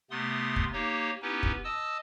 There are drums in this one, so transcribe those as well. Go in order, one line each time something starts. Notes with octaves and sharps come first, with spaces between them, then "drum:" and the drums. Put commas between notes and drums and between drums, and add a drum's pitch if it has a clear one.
C3 A3 B3 C6 D#6
drum: kick
A#3 D#4 G4 C#5
B3 C#4 D#4 E4 G4 B4
drum: kick
D#5 A5 D#6 E6